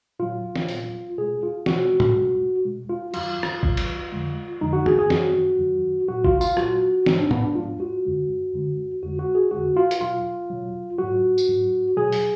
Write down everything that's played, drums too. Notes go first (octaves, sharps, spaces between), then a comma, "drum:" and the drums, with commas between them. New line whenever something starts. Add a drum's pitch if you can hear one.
A#2 F#3 F4
drum: snare
A#2 F#3, drum: open hi-hat
B2 G#3 G#4
F4
B2 G#3 F#4, drum: snare
drum: tom
B2 G#3
B2 G#3
F4
F#2 D#3 F#3 F4, drum: cymbal
drum: rim click
F#2 D#3 F#3, drum: kick G#1
drum: cymbal
F2 D3 F3 G#3
F2 D3 F3 G#3 D#4
F#4
G#4, drum: tom
G#4
F#2 D#3 F#3 F#4, drum: snare
F#2 D#3 F#3
A#2 F#3 F#4
F4, drum: kick G#1
F4, drum: tambourine
A#2 F#3 F#4, drum: rim click
G#2 F3 G#3 D#4, drum: snare
D4
B3, drum: tom
D4
G#2 F3 G#3 F4
F#4
F#2 D3 G#3
F#2 D3 G#3
F2 D3 G#3 F#4
F#4
G#4
F2 D3 G#3 F#4
F4
drum: hi-hat
B2 F#3 F4
B2 F#3
G#2 F#3 F#4
drum: tambourine
G#2 F#3
B2 F#3 G#4
drum: open hi-hat